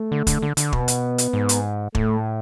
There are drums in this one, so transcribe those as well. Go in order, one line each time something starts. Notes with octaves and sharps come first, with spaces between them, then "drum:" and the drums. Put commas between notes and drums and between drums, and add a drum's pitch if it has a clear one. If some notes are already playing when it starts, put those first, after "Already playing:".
Already playing: A3
D3
D3, drum: kick, hi-hat
D3
D3, drum: hi-hat
B2 B3, drum: kick
drum: hi-hat
drum: hi-hat
G#2
drum: hi-hat
A2 A3, drum: kick